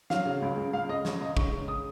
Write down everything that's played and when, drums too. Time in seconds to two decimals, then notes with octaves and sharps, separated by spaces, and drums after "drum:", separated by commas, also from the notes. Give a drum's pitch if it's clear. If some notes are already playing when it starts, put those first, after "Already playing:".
0.10 F#3 F5, drum: snare
0.25 C#3
0.42 C#2
0.57 C#2
0.73 C#2 F5
0.89 C#2 D#5
1.05 C#2 C#5, drum: snare
1.21 C#2 D#5
1.37 C#3 C#6, drum: kick
1.52 C#3
1.68 D#6